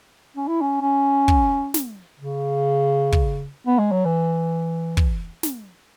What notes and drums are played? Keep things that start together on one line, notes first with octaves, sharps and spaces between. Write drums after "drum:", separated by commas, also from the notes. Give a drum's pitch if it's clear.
C#4
E4
C#4
C#4
drum: kick
drum: snare
C#3
drum: kick
B3
G#3
F#3
E3
drum: kick
drum: snare